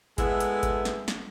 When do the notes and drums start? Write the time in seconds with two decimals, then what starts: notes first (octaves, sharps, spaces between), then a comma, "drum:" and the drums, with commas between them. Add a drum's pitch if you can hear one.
0.18 G#3 A3 B3 E4 A4 E5, drum: kick G#1, hi-hat
0.40 drum: hi-hat
0.63 drum: kick G#1, hi-hat
0.85 drum: snare
1.08 drum: snare